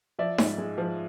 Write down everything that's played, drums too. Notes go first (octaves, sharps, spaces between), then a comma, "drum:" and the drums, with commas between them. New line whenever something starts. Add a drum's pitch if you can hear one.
F3 D5 E5
G#2, drum: snare D#4
G#3
F3